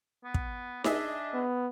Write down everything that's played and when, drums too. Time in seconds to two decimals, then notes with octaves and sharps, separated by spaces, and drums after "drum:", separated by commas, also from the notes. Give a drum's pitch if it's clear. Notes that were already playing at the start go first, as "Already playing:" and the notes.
0.24 B3
0.34 drum: kick
0.84 D4 G#4 D#5 E5, drum: snare D#4
1.34 B3